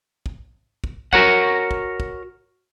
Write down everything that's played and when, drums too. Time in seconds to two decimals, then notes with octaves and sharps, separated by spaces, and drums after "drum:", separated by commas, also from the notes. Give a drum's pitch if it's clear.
0.26 drum: kick
0.84 drum: kick
1.13 F#4 A#4 C#5 F#5, drum: kick
1.71 drum: kick
2.00 drum: kick